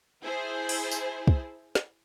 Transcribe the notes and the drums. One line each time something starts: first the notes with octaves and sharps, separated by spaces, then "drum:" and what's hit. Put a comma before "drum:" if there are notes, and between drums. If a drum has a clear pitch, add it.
E4 G#4 C5 A5
drum: open hi-hat
drum: tambourine
drum: kick
drum: snare